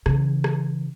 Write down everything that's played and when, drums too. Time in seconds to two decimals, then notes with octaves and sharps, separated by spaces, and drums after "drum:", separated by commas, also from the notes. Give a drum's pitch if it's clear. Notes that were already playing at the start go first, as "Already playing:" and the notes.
0.06 C#3 E3, drum: rim click
0.44 drum: rim click